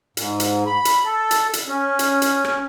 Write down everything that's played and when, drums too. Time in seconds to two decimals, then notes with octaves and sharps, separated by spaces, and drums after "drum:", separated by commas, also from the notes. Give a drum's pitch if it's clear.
0.17 G#2, drum: hi-hat
0.40 drum: hi-hat
0.66 B5
0.85 drum: hi-hat
1.05 A4
1.31 drum: hi-hat
1.53 drum: hi-hat
1.68 C#4
1.99 drum: hi-hat
2.22 drum: hi-hat
2.44 drum: rim click